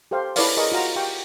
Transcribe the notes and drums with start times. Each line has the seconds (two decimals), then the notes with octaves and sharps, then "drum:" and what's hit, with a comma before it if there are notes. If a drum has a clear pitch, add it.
0.11 G4 A4 C5 F5
0.36 E4 A4 B4 C#5 D5 F5, drum: open hi-hat
0.57 G#4 A#4 D#5 C#6
0.72 F4 F#4 F5 A#5
0.96 G4 F5 G5 C#6